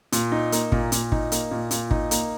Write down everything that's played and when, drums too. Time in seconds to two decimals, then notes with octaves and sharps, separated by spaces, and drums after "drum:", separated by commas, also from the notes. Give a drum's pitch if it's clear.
0.12 A#2, drum: hi-hat
0.32 D#4
0.52 A#3, drum: hi-hat
0.72 A#2, drum: kick
0.92 A#2, drum: hi-hat
1.12 D#4, drum: kick
1.32 A#3, drum: hi-hat
1.51 A#2
1.71 A#2, drum: hi-hat
1.91 D#4, drum: kick
2.11 A#3, drum: hi-hat